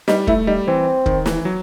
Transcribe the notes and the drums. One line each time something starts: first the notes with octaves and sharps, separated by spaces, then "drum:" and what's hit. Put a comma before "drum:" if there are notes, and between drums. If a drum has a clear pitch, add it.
G3 D#4, drum: snare
A3 E4, drum: kick
G3 D#4
E3 C4
D#3, drum: kick
E3, drum: snare
F#3